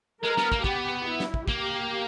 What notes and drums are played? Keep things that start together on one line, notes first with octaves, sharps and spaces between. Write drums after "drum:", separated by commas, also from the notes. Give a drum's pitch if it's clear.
G#3 A#4
B3, drum: snare
A#3, drum: kick
B3 G4, drum: kick
E4
drum: snare
drum: kick
A#3 G4, drum: kick